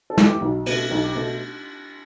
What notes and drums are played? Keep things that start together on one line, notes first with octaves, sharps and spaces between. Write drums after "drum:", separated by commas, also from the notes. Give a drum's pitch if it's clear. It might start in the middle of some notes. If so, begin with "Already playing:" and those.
A4
E3 B3, drum: snare
G4
B1
B2 A3 B4, drum: cymbal
B1 A4
G4
B2 A3 A4